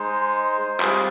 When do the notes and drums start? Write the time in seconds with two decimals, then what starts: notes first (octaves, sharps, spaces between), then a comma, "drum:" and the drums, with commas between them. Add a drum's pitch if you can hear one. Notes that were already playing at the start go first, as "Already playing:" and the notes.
Already playing: G#3 D#4 C5
0.80 G3 C4 F4 G#4, drum: clap